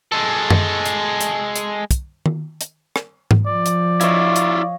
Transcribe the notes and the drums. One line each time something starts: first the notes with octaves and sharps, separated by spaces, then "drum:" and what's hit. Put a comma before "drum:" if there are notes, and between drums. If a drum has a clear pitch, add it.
G#3 A4
drum: tom F#2
drum: hi-hat
drum: hi-hat
drum: hi-hat
drum: kick, hi-hat
drum: tom D#3
drum: hi-hat
drum: rim click
drum: tom G#2
F3 D5
drum: hi-hat
E4 F4 C#5 D#5 F5, drum: hi-hat
drum: hi-hat